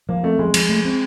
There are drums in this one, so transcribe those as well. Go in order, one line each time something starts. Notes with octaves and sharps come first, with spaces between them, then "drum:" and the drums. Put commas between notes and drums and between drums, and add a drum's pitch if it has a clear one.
F3 A#3
A3 C4
F3 G#3
F3, drum: cymbal
A3
C4